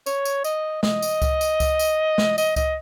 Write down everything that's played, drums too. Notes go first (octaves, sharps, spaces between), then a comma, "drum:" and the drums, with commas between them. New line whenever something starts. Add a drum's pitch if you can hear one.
C#5, drum: tambourine
drum: tambourine
D#5, drum: tambourine
D#5, drum: snare
drum: tambourine
drum: kick C#2, tambourine
drum: tambourine
drum: kick C#2, tambourine
drum: tambourine
drum: snare
D#5, drum: tambourine
D#5, drum: kick C#2, tambourine